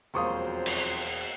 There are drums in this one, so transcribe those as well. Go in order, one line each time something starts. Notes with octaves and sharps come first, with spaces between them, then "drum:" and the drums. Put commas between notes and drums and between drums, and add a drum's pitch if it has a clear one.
E1 F2 F#3 A#3 C5 C6 C#6 D#6
drum: cymbal